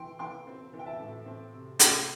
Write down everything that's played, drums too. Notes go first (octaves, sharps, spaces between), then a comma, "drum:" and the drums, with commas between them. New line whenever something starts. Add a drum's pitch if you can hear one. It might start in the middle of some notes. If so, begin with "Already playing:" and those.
Already playing: E3 G5 C6
E3 G5 C6
C4
E3
G5
E5 A5
A2
C4
C3
C3, drum: hi-hat